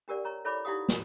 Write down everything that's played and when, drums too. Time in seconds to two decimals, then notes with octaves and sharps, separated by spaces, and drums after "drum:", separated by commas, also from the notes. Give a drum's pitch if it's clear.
0.08 D4 G4 A#4 D5 F#5
0.25 C#5 A#5 C#6
0.45 E4 A4 C#5 D5 B5 D6
0.65 D#4 E4 G4 F5 F#5 D#6
0.89 drum: snare